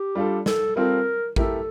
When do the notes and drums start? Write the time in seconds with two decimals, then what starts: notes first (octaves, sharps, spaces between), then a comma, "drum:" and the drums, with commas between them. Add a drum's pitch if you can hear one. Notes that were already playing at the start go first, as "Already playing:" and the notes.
Already playing: G4
0.15 G3 D4 F4 A4
0.46 A4, drum: snare
0.76 G3 C4 F4 A4 A#4
1.36 A3 E4 G4 A4 A#4, drum: kick A1